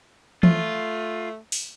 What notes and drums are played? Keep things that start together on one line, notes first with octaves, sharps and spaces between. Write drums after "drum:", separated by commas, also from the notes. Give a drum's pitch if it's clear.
A3 F4, drum: tom E3
drum: open hi-hat